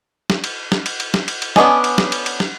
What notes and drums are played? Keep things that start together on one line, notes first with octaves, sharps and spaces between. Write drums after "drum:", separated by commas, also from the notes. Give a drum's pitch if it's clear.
drum: snare
drum: cymbal
drum: snare
drum: cymbal
drum: cymbal
drum: snare
drum: cymbal
drum: cymbal
B3 C#4 D4 D#5 G#5, drum: snare
drum: cymbal
drum: snare
drum: cymbal
drum: cymbal
drum: snare